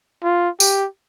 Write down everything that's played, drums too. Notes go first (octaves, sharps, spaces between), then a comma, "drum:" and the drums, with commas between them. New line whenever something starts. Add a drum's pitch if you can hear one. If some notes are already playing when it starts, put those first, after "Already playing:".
F4
G4, drum: tambourine